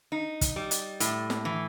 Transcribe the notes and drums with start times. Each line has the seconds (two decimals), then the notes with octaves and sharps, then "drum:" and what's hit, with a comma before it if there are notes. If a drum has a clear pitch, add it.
0.12 D#4
0.41 drum: kick, hi-hat
0.56 G3
0.71 drum: hi-hat
1.00 A2, drum: hi-hat
1.30 drum: snare
1.45 E3